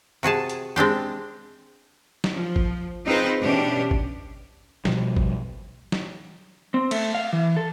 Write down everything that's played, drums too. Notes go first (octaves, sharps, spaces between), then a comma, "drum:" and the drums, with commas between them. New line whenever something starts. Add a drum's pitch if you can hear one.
C3 F#4 G#4 A5
drum: hi-hat
G#3 C4 D4 G4
drum: snare
F3
drum: kick G#1
C4 D#4 F4 G#4 B4 C5
B2 E3 C#4 D4 G4
drum: kick G#1
B2 F3 G3, drum: snare
drum: kick G#1
drum: snare
C4
A3, drum: cymbal
F5
E3
A4